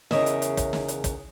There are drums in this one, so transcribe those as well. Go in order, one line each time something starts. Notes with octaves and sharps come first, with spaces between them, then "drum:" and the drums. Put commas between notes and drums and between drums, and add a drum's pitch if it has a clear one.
E2 C#3 A#4 C#5 D#5 E5, drum: snare
drum: hi-hat
drum: hi-hat
drum: kick, hi-hat
drum: snare
drum: hi-hat
drum: kick, hi-hat